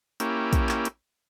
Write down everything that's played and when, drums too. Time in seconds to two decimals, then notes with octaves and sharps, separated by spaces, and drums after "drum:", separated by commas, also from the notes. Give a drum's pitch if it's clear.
0.20 A#3 C#4 E4 G4, drum: hi-hat
0.53 drum: kick, hi-hat
0.69 drum: clap
0.85 drum: hi-hat